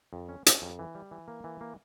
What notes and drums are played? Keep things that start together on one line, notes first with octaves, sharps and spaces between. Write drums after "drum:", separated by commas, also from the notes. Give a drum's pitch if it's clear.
F2
C#4
C#4, drum: hi-hat
F2
E3
G3
E3
A#3
E3
A#3